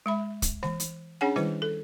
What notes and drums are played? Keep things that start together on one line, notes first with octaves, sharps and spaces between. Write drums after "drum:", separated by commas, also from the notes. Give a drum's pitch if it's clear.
G#3 E5 B5
drum: kick, hi-hat
E3, drum: snare G#3
drum: hi-hat
C#4 D4 G#4 C#5 F#5 G#5
D#3 G3 E4 B4, drum: snare G#3
A4